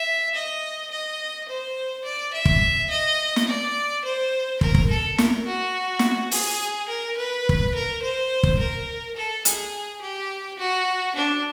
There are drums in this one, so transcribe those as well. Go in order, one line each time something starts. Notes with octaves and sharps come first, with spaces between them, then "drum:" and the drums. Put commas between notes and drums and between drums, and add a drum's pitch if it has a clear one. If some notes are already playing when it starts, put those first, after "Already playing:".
Already playing: E5
D#5
D#5
C5
D5
E5
drum: kick
D#5
drum: snare
D5
C5
A#4, drum: kick
drum: kick
A4
A#4, drum: snare
F#4
drum: snare
G#4, drum: open hi-hat
A#4
B4
drum: kick
A#4
C5
drum: kick
A#4
A4
G#4, drum: hi-hat
G4
F#4
D4